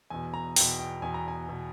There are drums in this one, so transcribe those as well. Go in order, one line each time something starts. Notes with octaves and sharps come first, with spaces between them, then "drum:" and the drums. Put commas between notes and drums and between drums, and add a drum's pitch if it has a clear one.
E2 B2 G#5
A#5
E2 B2 G5, drum: open hi-hat
G5
E2 B2 G#5
A#5
G#5
B2